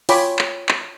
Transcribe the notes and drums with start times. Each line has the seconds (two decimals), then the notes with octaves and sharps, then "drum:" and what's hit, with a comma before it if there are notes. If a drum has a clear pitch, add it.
0.09 F4 C#5 G5 G#5 B5 D6, drum: open hi-hat
0.39 drum: clap
0.69 drum: clap